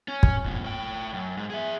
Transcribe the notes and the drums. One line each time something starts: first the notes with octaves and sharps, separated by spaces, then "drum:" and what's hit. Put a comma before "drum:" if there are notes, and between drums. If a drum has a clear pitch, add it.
C#4
drum: kick
F2 A#2
A2 G5
F#2
G#2
G#4 E5